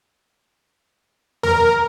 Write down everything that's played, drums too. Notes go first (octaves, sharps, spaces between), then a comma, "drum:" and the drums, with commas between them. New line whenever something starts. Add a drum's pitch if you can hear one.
A#4, drum: tom E2